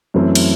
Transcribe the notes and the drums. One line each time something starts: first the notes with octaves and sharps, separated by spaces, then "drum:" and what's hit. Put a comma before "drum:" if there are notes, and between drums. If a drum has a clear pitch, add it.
F#2 E3 A3 C4 E4
drum: cymbal